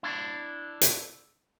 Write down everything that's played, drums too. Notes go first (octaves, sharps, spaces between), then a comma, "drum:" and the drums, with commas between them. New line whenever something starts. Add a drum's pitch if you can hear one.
D4 E4
drum: hi-hat